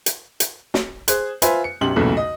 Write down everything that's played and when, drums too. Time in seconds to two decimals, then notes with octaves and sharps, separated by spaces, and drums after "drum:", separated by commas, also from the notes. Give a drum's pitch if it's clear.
0.06 drum: hi-hat
0.40 drum: hi-hat
0.74 drum: snare
1.08 G#4 C5 F#6, drum: hi-hat
1.42 F4 B4 C5 E5 G#5, drum: hi-hat
1.64 C#7
1.81 B1 F#2 G4 C6 F#7
1.96 B1 E2 A#2 C#3 E3 A3
2.17 D#5